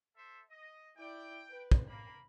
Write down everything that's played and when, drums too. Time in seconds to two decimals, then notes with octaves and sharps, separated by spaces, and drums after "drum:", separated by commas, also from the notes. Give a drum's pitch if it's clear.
0.15 A4 C5 E5
0.50 D#5
0.97 E4 D5 G5
1.50 B4
1.72 drum: kick
1.88 A#3 B5